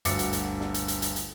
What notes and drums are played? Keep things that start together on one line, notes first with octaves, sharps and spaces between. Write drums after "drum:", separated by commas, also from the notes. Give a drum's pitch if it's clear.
G1 D2 F#4 D6 A6 C#7, drum: hi-hat
drum: hi-hat
drum: hi-hat
drum: snare
drum: hi-hat
drum: hi-hat
drum: hi-hat
drum: hi-hat